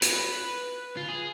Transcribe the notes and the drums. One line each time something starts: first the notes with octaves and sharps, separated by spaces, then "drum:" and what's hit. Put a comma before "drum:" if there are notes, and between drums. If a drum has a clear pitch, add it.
B4, drum: hi-hat
F4
G#4